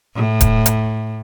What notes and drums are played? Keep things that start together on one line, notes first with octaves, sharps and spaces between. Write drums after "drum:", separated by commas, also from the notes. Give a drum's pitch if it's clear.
A2
drum: kick D1, hi-hat
drum: hi-hat